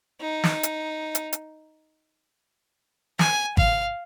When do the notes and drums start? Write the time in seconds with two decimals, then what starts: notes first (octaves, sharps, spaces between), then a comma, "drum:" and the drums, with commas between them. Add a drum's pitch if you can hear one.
0.21 D#4
0.44 drum: snare
0.63 drum: hi-hat
1.15 drum: hi-hat
1.33 drum: hi-hat
3.19 G#5, drum: snare
3.57 F5, drum: kick G#1